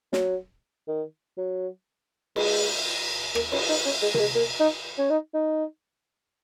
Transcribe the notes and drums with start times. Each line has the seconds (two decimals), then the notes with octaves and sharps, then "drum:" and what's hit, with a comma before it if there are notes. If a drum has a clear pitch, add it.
0.13 F#3, drum: snare
0.87 D#3
1.37 F#3
2.36 G#3, drum: cymbal
3.35 A#3, drum: rim click
3.52 C#4, drum: cymbal
3.69 D#4
3.85 C#4
4.02 G#3
4.14 A#3, drum: tom C3
4.19 G#3
4.35 A#3
4.60 D#4
4.98 C#4
5.10 D#4
5.34 D#4